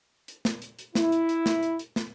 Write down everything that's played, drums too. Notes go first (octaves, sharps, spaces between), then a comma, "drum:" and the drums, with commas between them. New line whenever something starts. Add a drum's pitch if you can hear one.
drum: hi-hat
drum: snare
drum: hi-hat
drum: hi-hat
E4, drum: snare
drum: hi-hat
drum: hi-hat
drum: snare
drum: hi-hat
drum: hi-hat
drum: snare